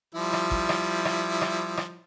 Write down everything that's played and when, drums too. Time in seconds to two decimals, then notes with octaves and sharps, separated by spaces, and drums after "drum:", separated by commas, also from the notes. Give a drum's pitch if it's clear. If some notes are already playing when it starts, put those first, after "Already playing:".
0.15 F3 G3 E4
0.33 drum: rim click
0.51 drum: kick G#1
0.69 drum: rim click
1.05 drum: rim click
1.41 drum: rim click
1.77 drum: rim click